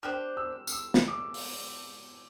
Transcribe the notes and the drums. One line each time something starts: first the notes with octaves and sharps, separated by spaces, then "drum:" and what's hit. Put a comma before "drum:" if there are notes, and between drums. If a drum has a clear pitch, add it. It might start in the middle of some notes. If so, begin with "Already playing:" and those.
D4 G4 C5 F6
E6
F6, drum: tambourine
E6
drum: snare
D6
drum: open hi-hat